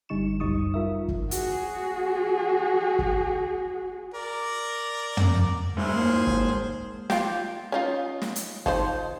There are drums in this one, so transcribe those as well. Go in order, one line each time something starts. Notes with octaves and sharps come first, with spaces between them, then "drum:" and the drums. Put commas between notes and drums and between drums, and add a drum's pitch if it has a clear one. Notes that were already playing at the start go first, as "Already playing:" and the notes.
G1 D3 G3 D#4 C#6 E7
C2 F#2 G3 D#4 C#6 D#6
F4 A#4 E5
drum: kick
F#4 G#4, drum: hi-hat
drum: kick
A#4 D5
drum: tom
G2 G#3 A3 G#4 C5
G#2 A#3
drum: kick
F4 G4, drum: snare
C#4 D#4 F4
drum: snare
drum: hi-hat
F3 D#4 C5, drum: kick